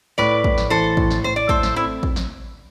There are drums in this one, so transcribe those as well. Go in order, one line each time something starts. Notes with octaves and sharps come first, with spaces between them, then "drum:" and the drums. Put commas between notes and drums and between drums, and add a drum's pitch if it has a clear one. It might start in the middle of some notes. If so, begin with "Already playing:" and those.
A2 B4 D5
A2, drum: kick
drum: snare
E3 A4 C5
A2, drum: kick
drum: snare
A2 C5
D5
A3 A4 C5, drum: kick
drum: snare
C4 E4
drum: kick
drum: snare